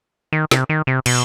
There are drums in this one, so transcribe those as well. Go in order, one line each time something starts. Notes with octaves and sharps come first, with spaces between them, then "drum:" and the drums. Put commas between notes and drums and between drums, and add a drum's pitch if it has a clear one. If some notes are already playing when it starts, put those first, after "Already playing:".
D#3
C3, drum: snare
D#3
C3
B2, drum: cymbal